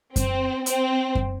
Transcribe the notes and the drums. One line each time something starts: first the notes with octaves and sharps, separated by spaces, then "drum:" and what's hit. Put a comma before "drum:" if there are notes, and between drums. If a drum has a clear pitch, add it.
C4, drum: kick F#2, hi-hat
C4, drum: hi-hat
drum: kick F#2